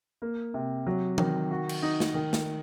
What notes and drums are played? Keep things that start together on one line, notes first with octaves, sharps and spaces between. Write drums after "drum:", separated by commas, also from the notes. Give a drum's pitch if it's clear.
A#3
C3
F#3
D#3, drum: tom E3
F#4
drum: cymbal
D#4
drum: snare
D#3
drum: snare